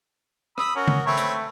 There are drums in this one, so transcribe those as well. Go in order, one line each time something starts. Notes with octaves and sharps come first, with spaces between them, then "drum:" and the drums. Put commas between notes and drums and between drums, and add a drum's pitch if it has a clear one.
B5 D#6 E6, drum: rim click
C#4 F#4 A#4
drum: tom C#3
A3 C4 B4 C#5
drum: hi-hat